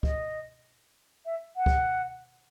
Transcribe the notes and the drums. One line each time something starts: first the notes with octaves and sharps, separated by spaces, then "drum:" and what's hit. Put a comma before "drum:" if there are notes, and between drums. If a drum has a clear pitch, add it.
D#5, drum: kick
E5
F#5
drum: kick